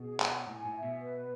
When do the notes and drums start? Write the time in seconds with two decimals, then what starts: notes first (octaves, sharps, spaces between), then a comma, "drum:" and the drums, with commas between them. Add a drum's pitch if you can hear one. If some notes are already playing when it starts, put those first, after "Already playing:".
Already playing: B2 G#4
0.20 F#5, drum: clap
0.47 A2 G#5
0.65 A2
0.74 E5
0.83 B2
1.01 B4